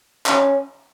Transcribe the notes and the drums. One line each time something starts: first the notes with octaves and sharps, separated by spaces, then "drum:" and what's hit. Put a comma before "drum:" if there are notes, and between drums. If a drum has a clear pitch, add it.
C#4, drum: clap